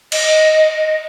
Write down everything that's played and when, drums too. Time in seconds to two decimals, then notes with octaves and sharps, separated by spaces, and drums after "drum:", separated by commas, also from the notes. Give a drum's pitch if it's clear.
0.12 D#5, drum: cymbal